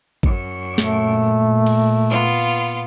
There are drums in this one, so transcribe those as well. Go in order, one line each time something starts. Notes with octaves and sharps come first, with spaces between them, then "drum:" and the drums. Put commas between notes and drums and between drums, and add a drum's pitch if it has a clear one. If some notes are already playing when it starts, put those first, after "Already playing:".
F#2, drum: kick G#1
A#2 A3, drum: snare
drum: cymbal
B3 F4 F5